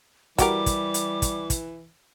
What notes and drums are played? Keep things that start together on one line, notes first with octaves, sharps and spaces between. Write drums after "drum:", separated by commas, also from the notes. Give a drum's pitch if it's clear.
E3 G3 F#4 G4 A#4 D6, drum: kick, hi-hat
drum: kick, hi-hat
drum: hi-hat
drum: kick, hi-hat
drum: kick, hi-hat